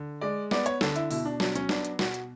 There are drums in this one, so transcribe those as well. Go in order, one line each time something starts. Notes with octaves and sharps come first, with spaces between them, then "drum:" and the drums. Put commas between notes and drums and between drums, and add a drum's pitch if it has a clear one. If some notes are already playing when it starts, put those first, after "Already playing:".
Already playing: D3
G#3 D5
B3 D5, drum: snare
C#5, drum: hi-hat
D3 A4, drum: snare
E4, drum: hi-hat
B2 E4, drum: open hi-hat
D4
F#3 D4, drum: snare
C#4, drum: hi-hat
B3 D4, drum: snare
drum: hi-hat
B2 F#4, drum: snare
drum: hi-hat